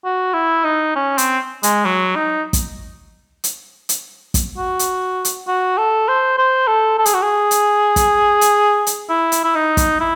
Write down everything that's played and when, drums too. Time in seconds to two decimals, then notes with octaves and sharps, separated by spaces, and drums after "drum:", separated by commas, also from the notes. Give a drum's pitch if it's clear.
0.04 F#4
0.34 E4
0.64 D#4
0.95 C#4
1.18 C4, drum: hi-hat
1.63 G#3, drum: hi-hat
1.85 F#3
2.15 D#4
2.53 drum: kick, hi-hat
3.44 drum: hi-hat
3.89 drum: hi-hat
4.34 drum: kick, hi-hat
4.57 F#4
4.79 drum: hi-hat
5.25 drum: hi-hat
5.47 F#4
5.78 A4
6.08 C5
6.38 C5
6.67 A4
6.98 A4
7.06 G#4, drum: hi-hat
7.14 F#4
7.22 G#4
7.51 drum: hi-hat
7.96 drum: kick, hi-hat
8.41 drum: hi-hat
8.87 drum: hi-hat
9.09 E4
9.32 drum: hi-hat
9.44 E4
9.55 D#4
9.77 drum: kick, hi-hat
10.00 E4